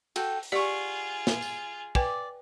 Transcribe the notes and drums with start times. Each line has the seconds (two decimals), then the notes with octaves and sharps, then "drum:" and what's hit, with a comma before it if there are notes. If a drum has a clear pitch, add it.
0.16 F#4 A4 G5, drum: cymbal
0.43 drum: open hi-hat
0.52 F4 G4 G#4 D5 F#5 C#6
1.27 drum: snare
1.42 drum: tambourine
1.95 B4 D5 G5 G#5, drum: kick